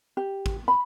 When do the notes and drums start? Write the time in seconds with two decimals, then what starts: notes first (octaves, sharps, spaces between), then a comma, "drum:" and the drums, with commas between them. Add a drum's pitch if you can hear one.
0.17 G4
0.46 drum: kick
0.68 B5